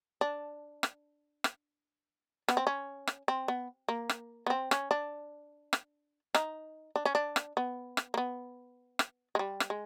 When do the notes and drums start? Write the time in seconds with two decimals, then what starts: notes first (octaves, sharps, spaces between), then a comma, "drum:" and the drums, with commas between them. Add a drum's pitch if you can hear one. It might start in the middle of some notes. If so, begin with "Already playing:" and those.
0.21 D4
0.83 drum: rim click
1.44 drum: rim click
2.48 B3, drum: rim click
2.57 C4
2.67 C#4
3.07 drum: rim click
3.28 C4
3.48 B3
3.88 A#3
4.09 drum: rim click
4.46 B3
4.50 C4
4.71 C#4, drum: rim click
4.91 D4
5.73 drum: rim click
6.34 D#4, drum: rim click
6.96 D4
7.05 C#4
7.15 D4
7.36 drum: rim click
7.57 B3
7.97 drum: rim click
8.14 A#3
8.17 B3
8.99 drum: rim click
9.35 G#3
9.39 G3
9.60 drum: rim click
9.70 G#3